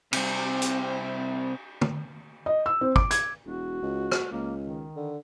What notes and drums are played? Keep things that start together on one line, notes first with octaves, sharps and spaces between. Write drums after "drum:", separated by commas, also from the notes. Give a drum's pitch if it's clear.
C3 G3 C4, drum: cymbal
drum: hi-hat
drum: tom
D#5
E6
C4
D6, drum: kick
G#6, drum: hi-hat
E1 F#4
C#2
drum: rim click
C#2 A#3
D#3
D3